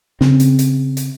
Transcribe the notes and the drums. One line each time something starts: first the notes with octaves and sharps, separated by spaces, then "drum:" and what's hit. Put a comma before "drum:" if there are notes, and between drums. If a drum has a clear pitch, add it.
C#3 C4, drum: snare
drum: hi-hat
drum: hi-hat
drum: hi-hat